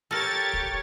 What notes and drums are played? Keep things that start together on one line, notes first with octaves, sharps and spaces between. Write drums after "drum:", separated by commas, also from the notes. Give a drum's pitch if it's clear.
G4 A4 A#4 C#5 A6
drum: kick